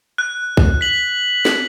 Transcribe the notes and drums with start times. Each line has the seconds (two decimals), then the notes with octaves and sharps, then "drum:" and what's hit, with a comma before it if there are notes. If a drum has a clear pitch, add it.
0.18 F#6
0.57 drum: kick
0.81 B6 F#7
1.45 drum: snare